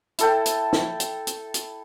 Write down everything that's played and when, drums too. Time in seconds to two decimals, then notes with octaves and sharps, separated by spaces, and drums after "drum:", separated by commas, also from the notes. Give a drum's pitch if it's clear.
0.18 E4 A4 G5, drum: hi-hat
0.46 drum: hi-hat
0.73 drum: snare
1.00 drum: hi-hat
1.27 drum: hi-hat
1.54 drum: hi-hat